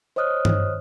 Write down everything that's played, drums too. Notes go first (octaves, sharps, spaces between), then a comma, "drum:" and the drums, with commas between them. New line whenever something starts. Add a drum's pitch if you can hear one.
C5 C#5 D#5 D#6 F6 F#6
drum: tom G2